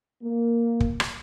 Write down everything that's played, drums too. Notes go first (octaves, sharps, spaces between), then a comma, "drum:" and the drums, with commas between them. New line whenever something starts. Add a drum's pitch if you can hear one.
A#3
drum: kick
drum: rim click